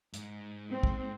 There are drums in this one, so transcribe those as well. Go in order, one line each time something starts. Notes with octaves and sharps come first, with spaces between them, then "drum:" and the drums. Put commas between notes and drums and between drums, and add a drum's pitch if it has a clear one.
G#2, drum: hi-hat
C4
drum: kick